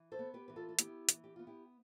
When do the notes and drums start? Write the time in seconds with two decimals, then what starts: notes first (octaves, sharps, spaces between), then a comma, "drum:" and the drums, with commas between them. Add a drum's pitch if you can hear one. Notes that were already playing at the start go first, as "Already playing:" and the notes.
Already playing: E3
0.12 A4 C5
0.19 B3
0.34 G4 B4
0.48 E3 B4
0.56 F4 A4
0.69 A4
0.79 B3 E4 G4, drum: hi-hat
1.09 E3, drum: hi-hat
1.24 G4
1.36 B3 F4
1.47 E4 G4